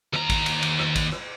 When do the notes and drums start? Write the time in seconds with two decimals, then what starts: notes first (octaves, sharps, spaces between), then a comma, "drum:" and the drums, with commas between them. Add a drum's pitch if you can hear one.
0.13 D#2 A#5, drum: rim click
0.30 drum: kick A1, cymbal
0.46 drum: cymbal
0.62 drum: cymbal
0.79 drum: rim click
0.95 drum: kick A1, cymbal
1.12 drum: rim click